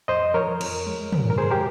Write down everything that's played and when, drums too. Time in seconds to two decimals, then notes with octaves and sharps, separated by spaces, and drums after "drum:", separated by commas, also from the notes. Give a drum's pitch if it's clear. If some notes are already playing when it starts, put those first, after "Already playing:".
0.08 F2 C5 D#5
0.34 F3 A#4 C#5
0.61 F2, drum: cymbal
0.86 G#3
1.12 F2, drum: tom
1.30 A#4
1.38 G#3 G#4 C5
1.51 G4 A#4